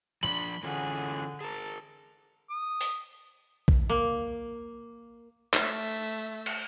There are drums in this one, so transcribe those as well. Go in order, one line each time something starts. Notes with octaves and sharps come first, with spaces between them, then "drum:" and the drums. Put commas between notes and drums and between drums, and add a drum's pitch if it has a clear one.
F3 D4 B5 C6 F#7
D3 E3 C#4 F4 G#4 F#5
G#4 A#4 A5 A#5
D#6
drum: open hi-hat
drum: kick
A#3
A3 E5, drum: clap
drum: cymbal